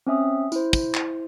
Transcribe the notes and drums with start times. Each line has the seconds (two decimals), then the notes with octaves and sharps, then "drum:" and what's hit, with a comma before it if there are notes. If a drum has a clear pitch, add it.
0.07 C4 C#4 E5 D#6
0.52 E4 C5, drum: tambourine
0.73 drum: kick, tambourine
0.95 drum: clap